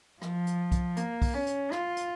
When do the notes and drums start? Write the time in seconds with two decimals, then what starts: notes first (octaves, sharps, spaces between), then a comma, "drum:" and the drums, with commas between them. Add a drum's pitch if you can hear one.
0.22 F3, drum: rim click
0.47 drum: hi-hat
0.72 drum: kick B1, hi-hat
0.97 A#3, drum: hi-hat
1.22 drum: kick B1, open hi-hat
1.34 C#4
1.47 drum: hi-hat
1.72 F4, drum: rim click
1.97 drum: hi-hat